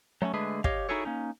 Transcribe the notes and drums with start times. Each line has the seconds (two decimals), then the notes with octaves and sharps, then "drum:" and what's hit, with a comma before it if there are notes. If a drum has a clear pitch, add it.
0.22 F#3 A3 C4 C#4
0.34 D3 G#3 A3 G#4 B4
0.64 G4 C#5 D#5 F5, drum: kick
0.89 D#4 E4 F#4 G#4 A4 C#5
1.05 A#3 C#4 D#4